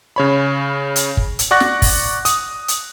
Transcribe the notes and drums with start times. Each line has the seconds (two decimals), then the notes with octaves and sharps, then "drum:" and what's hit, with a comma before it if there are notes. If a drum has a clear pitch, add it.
0.16 C#3 C#5 B5
0.96 drum: hi-hat
1.17 drum: kick
1.39 drum: hi-hat
1.51 D5 F#5 C#6 F#6 A#6
1.60 drum: snare
1.82 drum: kick, open hi-hat
2.25 D#6, drum: hi-hat
2.68 drum: hi-hat